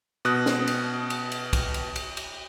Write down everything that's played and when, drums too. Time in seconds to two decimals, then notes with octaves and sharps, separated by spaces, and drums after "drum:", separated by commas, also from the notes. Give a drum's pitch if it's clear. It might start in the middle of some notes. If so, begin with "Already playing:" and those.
0.25 B2 D#6 F#6
0.46 drum: snare
0.68 drum: cymbal
1.10 drum: cymbal
1.32 drum: cymbal
1.53 drum: kick, cymbal
1.74 drum: cymbal
1.96 drum: cymbal
2.17 drum: cymbal